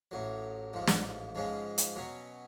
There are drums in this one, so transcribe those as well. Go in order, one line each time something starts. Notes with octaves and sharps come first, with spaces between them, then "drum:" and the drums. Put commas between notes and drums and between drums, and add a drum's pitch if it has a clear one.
A1 A2 F#3
A1 G#2 F3
drum: snare
G#2 F3 G#3 C#4
drum: hi-hat
B2 F#3 C#4